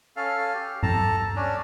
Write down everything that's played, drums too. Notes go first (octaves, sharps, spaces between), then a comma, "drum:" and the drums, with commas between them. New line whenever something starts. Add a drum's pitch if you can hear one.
C#4 A4 F5
G4
A4 A5 A#5, drum: tom G2
C#4 D4